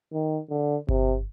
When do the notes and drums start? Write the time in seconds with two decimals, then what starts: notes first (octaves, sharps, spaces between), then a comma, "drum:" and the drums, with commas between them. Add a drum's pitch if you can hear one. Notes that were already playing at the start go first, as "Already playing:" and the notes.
0.13 D#3
0.50 D3
0.89 C3, drum: kick G1